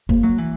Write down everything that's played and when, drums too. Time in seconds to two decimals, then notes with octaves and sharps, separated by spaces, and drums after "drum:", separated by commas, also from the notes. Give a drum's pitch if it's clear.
0.09 A#3, drum: kick F#1
0.23 F#3
0.38 E3